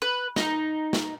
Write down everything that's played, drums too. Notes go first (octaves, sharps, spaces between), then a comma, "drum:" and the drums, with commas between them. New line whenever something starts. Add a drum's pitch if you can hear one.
B4
D#4, drum: snare
drum: snare